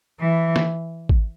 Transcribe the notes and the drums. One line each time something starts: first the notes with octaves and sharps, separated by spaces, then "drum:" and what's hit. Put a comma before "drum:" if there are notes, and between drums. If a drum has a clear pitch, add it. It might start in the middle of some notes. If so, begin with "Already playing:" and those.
E3
drum: snare
drum: kick G#1